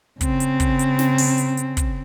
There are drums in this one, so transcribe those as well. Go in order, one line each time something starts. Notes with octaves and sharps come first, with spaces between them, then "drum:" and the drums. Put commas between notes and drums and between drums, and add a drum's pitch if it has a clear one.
C#3 C4, drum: kick, hi-hat
drum: hi-hat
drum: kick, hi-hat
drum: hi-hat
drum: snare
drum: open hi-hat
drum: hi-hat
drum: hi-hat
drum: kick, hi-hat